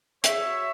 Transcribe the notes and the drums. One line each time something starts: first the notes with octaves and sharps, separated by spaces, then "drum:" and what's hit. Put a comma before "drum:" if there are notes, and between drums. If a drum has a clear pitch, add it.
E2 C#5 E5, drum: hi-hat
F#3